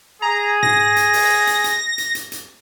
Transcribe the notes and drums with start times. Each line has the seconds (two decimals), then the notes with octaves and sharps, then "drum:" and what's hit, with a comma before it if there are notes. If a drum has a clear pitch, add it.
0.22 G#4 A#5
0.63 A#6, drum: tom G#2
0.96 drum: hi-hat
1.13 drum: open hi-hat
1.47 drum: hi-hat
1.64 drum: hi-hat
1.98 drum: hi-hat
2.15 drum: hi-hat
2.32 drum: hi-hat